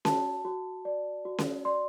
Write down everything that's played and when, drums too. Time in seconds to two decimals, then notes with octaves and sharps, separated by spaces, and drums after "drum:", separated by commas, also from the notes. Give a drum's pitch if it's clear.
0.05 F#4 A5, drum: snare C#4
0.45 F#4
0.85 D5
1.25 F#4
1.38 drum: snare C#4
1.65 D5 C6